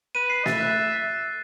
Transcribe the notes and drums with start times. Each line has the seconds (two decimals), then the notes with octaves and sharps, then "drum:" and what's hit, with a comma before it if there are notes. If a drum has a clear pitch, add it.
0.15 B4 D#7
0.30 C7
0.46 E5 A6, drum: snare
0.61 F#6